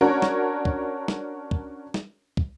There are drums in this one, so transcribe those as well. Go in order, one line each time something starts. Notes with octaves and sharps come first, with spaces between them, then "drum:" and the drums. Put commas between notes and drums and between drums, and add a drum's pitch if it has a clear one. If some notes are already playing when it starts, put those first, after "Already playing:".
C#4 D4 F#4 A#4 C#5
drum: snare
drum: kick
drum: snare
drum: kick
drum: snare
drum: kick